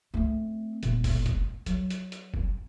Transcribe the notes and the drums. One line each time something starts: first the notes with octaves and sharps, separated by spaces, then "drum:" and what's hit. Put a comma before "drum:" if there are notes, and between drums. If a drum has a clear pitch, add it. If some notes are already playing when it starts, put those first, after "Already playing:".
A3 C4
E1 A#2, drum: hi-hat
drum: kick, open hi-hat
drum: kick, hi-hat
F#3, drum: hi-hat
drum: hi-hat
drum: hi-hat
drum: kick